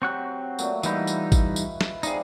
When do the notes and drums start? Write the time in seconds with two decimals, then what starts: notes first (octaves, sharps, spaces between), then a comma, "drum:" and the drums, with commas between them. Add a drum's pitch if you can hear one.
0.02 F#3 C4 F#4 G4 C#6 F#6
0.59 A#2 F#3 A3, drum: tambourine
0.83 E3 G3 D#4 E4 B4 D#5, drum: tambourine
1.07 drum: tambourine
1.32 drum: kick G#1, tambourine
1.56 drum: tambourine
1.81 drum: snare
2.03 C3 F3 D#4 G#4 D5, drum: tambourine